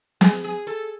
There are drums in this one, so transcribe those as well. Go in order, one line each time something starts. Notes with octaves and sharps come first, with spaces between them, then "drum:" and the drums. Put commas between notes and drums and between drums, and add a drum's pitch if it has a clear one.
G#4, drum: snare
G#4
A4